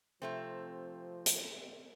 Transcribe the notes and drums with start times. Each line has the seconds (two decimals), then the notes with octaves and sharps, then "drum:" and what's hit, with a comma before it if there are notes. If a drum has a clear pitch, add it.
0.22 C3 F3 A3 C4
1.26 drum: hi-hat